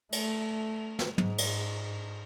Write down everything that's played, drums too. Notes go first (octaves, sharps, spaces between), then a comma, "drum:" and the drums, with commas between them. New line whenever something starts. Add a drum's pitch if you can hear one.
A3, drum: cymbal
drum: snare
G#2, drum: tom
drum: cymbal